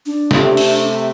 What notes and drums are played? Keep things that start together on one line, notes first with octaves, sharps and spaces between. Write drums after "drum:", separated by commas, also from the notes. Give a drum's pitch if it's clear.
D4
C3 A3, drum: snare
drum: open hi-hat